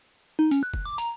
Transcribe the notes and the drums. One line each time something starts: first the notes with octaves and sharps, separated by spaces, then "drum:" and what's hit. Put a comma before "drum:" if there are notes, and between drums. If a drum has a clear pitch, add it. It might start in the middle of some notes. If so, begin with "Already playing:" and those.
D#4
C#4, drum: hi-hat
F#6
drum: kick
D6
A#5, drum: hi-hat